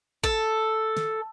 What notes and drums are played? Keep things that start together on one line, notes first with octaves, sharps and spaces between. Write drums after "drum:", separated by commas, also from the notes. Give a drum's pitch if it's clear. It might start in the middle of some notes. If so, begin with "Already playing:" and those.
A4, drum: kick
drum: snare